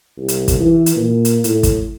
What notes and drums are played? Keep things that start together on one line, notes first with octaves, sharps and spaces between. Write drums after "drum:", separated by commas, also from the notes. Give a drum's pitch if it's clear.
C2
drum: hi-hat
drum: kick, hi-hat
E3
drum: hi-hat
A#2
drum: hi-hat
A2, drum: hi-hat
drum: kick, hi-hat